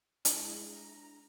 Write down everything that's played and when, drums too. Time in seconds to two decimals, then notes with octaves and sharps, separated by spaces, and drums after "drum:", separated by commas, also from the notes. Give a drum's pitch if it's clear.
0.25 G#3 D4 E4 G#4, drum: hi-hat
0.61 A#5